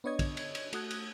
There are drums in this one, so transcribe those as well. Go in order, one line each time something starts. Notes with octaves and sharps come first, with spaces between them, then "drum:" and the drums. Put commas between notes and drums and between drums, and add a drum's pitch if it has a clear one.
B3 D4 C#5 D#5 G#6
drum: kick, cymbal
drum: cymbal
drum: cymbal
A3 F#4 D#6 F#6 G#6, drum: cymbal
drum: cymbal